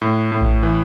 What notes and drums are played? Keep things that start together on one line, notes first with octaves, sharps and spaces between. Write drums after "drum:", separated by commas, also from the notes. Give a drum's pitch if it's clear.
A2
A2
drum: kick A1
E3